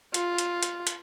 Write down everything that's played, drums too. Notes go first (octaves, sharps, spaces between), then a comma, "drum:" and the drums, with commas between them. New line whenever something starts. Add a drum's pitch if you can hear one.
F4, drum: hi-hat
drum: hi-hat
drum: hi-hat
drum: hi-hat